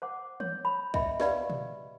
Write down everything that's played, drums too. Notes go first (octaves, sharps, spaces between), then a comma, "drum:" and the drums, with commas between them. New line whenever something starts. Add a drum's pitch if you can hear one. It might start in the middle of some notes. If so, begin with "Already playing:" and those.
C5 F#5 D6
C#5, drum: tom
B5
D#5 E5 G5 B5, drum: kick B1
G4 B4 D5 F5 B5, drum: snare
drum: tom A#2